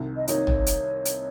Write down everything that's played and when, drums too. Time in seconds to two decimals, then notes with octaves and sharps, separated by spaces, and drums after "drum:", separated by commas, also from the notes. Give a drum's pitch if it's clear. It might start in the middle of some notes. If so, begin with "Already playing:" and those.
Already playing: C2 C3 D#3
0.16 D#5
0.28 C2 C3 D#3 A#3 D#4 C#5, drum: hi-hat
0.47 drum: tom
0.66 drum: hi-hat
1.05 drum: hi-hat